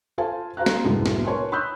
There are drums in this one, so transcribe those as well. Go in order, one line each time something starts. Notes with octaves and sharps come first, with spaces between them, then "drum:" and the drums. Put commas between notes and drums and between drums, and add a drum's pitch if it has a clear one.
F4 A4 C5 F5 G#5 A5
F#4 C5 F5 A#5 F#6
drum: snare
C2 F#2 A2 G#3 B3 D4
drum: snare
A#4 B4 C#5 G#5 A5 C6
B5 C#6 D#6 E6 F#6 G6